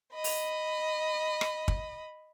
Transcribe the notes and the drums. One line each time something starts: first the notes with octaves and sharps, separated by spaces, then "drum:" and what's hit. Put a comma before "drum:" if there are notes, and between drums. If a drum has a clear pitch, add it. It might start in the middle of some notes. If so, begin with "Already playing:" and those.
D#5 B5
drum: open hi-hat
drum: rim click
drum: kick